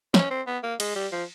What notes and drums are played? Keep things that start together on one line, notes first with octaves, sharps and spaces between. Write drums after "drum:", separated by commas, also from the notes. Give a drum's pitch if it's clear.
C#4, drum: snare
C4
B3
A#3
G#3, drum: cymbal
G3
F3